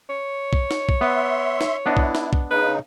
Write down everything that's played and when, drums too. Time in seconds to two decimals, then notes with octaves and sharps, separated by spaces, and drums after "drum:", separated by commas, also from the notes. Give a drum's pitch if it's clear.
0.10 C#5
0.53 drum: kick B1
0.71 drum: snare
0.89 drum: kick B1
1.01 B3 E5 C6
1.61 drum: snare
1.86 B3 D4 E4 D#5
1.97 drum: kick B1
2.15 drum: snare
2.33 drum: kick B1
2.51 C#3 D#4 B4